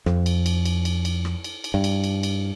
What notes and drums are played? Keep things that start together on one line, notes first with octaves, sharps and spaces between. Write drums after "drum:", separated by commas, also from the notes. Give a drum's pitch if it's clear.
F2, drum: rim click
drum: cymbal
drum: cymbal
drum: cymbal
drum: cymbal
drum: cymbal
drum: rim click
drum: cymbal
drum: cymbal
G2
drum: cymbal
drum: cymbal
drum: cymbal